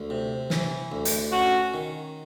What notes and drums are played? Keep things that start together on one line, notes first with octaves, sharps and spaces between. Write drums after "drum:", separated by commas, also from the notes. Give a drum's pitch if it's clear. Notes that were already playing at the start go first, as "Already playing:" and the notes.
Already playing: D2
C3
E3, drum: snare
D2
drum: hi-hat
C#4 F#4
D#3